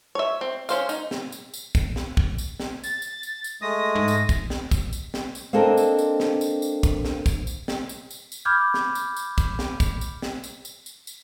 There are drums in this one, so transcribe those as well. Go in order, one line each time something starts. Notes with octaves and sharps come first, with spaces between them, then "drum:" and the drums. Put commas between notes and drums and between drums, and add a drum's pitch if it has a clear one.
C#5 E5
C4
C#4 C5 F5, drum: tambourine
D#4, drum: tambourine
drum: snare
drum: tambourine
drum: tambourine
drum: kick, tambourine
drum: snare
drum: kick
drum: tambourine
drum: snare
A6, drum: tambourine
drum: tambourine
drum: tambourine
drum: tambourine
G#3 A3 D#6 A#6
G#2
drum: tambourine
drum: kick, tambourine
drum: snare
drum: kick, tambourine
drum: tambourine
drum: snare
drum: tambourine
A#3 C4 D4 A4 A#4 D#5
drum: tambourine
drum: tambourine
drum: snare
drum: tambourine
drum: tambourine
drum: kick, tambourine
drum: snare
drum: kick, tambourine
drum: tambourine
drum: snare
drum: tambourine
drum: tambourine
drum: tambourine
B5 D6 F6 G6 G#6
drum: snare
drum: tambourine
drum: tambourine
drum: kick, tambourine
drum: snare
drum: kick, tambourine
drum: tambourine
drum: snare
drum: tambourine
drum: tambourine
drum: tambourine
drum: tambourine